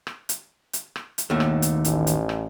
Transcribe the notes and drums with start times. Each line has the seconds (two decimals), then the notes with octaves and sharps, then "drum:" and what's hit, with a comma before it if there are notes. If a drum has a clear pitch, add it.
0.07 drum: rim click
0.29 drum: hi-hat
0.73 drum: hi-hat
0.96 drum: rim click
1.18 drum: hi-hat
1.30 D#2 B2 A3
1.40 drum: rim click
1.62 drum: hi-hat
1.85 A1, drum: hi-hat
2.07 drum: hi-hat
2.29 drum: rim click